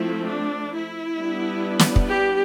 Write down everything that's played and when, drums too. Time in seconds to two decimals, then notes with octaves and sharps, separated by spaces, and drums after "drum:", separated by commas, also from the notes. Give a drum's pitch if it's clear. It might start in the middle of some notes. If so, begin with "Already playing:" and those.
Already playing: F3 A3 C4 E4
0.27 D4
0.72 E4
1.17 G3 B3 D4
1.79 drum: snare
1.96 drum: kick
2.08 G4